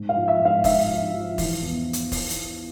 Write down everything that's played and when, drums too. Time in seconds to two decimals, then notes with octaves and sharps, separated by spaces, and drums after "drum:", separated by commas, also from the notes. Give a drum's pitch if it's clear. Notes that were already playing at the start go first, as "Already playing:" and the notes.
Already playing: G#2
0.09 F5
0.15 F3
0.28 E5
0.40 G#2 F5
0.64 G#2 E5, drum: kick E1, open hi-hat
0.88 F3
1.13 F3
1.38 E3, drum: kick E1, open hi-hat
1.62 E2
1.93 drum: hi-hat
2.12 drum: kick E1, open hi-hat
2.30 drum: hi-hat